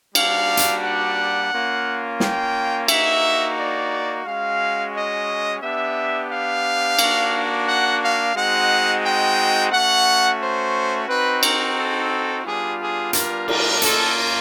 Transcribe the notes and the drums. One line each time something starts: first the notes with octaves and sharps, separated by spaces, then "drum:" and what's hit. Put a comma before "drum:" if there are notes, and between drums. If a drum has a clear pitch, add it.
G3 A#3 D4 F#4 F5, drum: cymbal
drum: hi-hat
F#5
A#3 C#4 F4
G5, drum: snare
A#3 D#4 F#4 E5, drum: cymbal
D5
G#3 C#4 F#4 F5
D#5
B3 D4 G4 E5
F5
A#3 D4 F#4, drum: cymbal
F#5
F5
G#3 C4 D#4 F#4 F#5
G5
A3 C#4 F#4 F#5
C5
C4 D#4 F#4 B4
A#4, drum: cymbal
A4
G3 B3 D4 F4 G#4
G#4
A#4, drum: hi-hat
A#4, drum: cymbal
A#3 C#4 F4 A4, drum: hi-hat